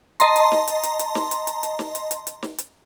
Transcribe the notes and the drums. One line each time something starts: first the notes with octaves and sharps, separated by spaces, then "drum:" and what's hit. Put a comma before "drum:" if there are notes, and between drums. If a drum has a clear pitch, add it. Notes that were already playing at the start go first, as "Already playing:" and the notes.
D#5 A5 A#5 C6, drum: hi-hat
drum: hi-hat
drum: snare
drum: hi-hat
drum: hi-hat
drum: hi-hat
drum: snare
drum: hi-hat
drum: hi-hat
drum: hi-hat
drum: snare
drum: hi-hat
drum: hi-hat
drum: hi-hat
drum: snare
drum: hi-hat